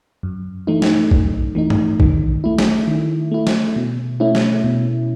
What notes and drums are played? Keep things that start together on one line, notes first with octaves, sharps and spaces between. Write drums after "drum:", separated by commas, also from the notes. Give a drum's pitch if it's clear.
F#2
E3 A3 D#4
drum: snare
F#2, drum: kick A#1
E3 A3 D#4
drum: tom G#2
D#3, drum: kick A#1
A3 E4
drum: snare
D#3
A3 E4
drum: snare
B2
A3 C#4 E4
drum: snare
B2